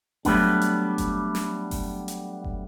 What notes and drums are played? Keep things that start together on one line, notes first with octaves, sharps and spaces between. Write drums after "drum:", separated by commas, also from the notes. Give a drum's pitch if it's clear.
F#3 G3 A3 B3 D4, drum: kick F#1, open hi-hat
drum: hi-hat
drum: kick F#1, hi-hat
drum: snare
drum: kick F#1, open hi-hat
drum: hi-hat
drum: kick F#1